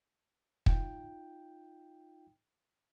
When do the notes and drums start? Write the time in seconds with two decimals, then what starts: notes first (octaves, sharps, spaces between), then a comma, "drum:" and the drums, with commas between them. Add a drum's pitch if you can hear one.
0.66 D#4 F4 G5, drum: kick